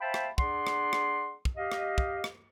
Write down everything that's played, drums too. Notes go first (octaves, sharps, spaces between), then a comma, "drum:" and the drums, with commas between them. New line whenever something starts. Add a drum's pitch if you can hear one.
C5 E5 F5 G5 A5 B5
drum: rim click
D4 G#4 D5 F#5 C6, drum: kick
drum: rim click
drum: rim click
drum: kick
G4 D#5 F5
drum: rim click
drum: kick
drum: rim click